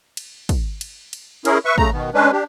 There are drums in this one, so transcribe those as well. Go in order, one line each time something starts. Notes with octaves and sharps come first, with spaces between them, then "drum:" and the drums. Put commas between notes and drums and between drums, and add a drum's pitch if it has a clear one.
drum: cymbal
drum: kick, cymbal
drum: cymbal
drum: cymbal
C#4 E4 G#4 A#4, drum: cymbal
B4 E5 C#6
C#3 A3 A#5, drum: kick
B2 D#3 B3
G#3 C#4 D4 B4
D4 G4